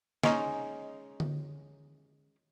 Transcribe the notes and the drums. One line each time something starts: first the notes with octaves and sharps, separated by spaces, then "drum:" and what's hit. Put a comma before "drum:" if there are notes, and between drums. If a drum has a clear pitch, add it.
G#3 C#4 D#4, drum: snare
drum: tom D3